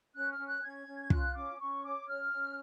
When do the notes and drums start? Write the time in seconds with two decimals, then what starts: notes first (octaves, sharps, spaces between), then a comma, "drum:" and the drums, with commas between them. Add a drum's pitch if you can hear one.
0.14 C#4 F#6
0.31 F6
0.38 C#4
0.46 F#6
0.63 C#4 G#6
0.87 C#4
1.10 F4 F#6, drum: kick
1.35 C#4 D6
1.59 C#4 C#6
1.83 C#5 D6
2.08 C#4 F6
2.32 C#4